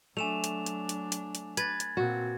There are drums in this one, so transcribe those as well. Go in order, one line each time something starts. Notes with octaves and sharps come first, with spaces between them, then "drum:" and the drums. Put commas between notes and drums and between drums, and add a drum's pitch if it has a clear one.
F#3 A3 D4 G#5 E7 F7
drum: hi-hat
drum: hi-hat
drum: hi-hat
drum: hi-hat
drum: hi-hat
B4 G#6 A6, drum: hi-hat
drum: hi-hat
A#2 C4 F#4